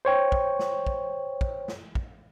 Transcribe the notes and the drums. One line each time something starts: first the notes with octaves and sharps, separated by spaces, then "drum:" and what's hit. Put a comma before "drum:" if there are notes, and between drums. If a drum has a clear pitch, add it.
C5 C#5 G5 C#6
drum: kick
drum: snare
drum: kick
drum: kick
drum: snare
drum: kick